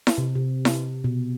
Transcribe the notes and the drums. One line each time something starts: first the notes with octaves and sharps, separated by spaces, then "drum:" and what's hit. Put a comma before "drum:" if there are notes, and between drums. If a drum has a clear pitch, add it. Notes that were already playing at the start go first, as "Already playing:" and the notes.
drum: snare E4
C3
C3
drum: snare E4
B2